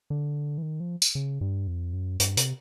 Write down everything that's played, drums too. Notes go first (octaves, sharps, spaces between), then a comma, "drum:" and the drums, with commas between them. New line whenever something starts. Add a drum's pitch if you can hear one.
D3
E3
D#3
F3
drum: tambourine
C#3
G2
F2
F#2
G2, drum: hi-hat
C3, drum: hi-hat